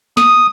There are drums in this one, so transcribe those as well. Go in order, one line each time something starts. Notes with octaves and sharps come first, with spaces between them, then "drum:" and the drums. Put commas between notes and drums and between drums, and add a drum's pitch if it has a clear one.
D#6, drum: snare